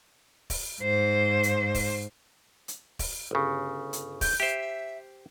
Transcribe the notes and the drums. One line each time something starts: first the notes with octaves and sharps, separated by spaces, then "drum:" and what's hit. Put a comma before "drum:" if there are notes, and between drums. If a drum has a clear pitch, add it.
drum: kick, open hi-hat
G#2 C5
drum: hi-hat
drum: kick, open hi-hat
drum: hi-hat
drum: kick, open hi-hat
G1 C#3
drum: hi-hat
G6, drum: kick, open hi-hat
G4 C5 E5